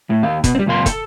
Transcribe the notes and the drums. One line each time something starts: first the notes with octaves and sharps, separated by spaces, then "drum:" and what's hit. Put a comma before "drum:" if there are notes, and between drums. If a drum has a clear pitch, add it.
A2
D#2 F5
B2, drum: kick, hi-hat
G3 C4
C#2 F#2 A#2 F5 C6
A4, drum: kick, hi-hat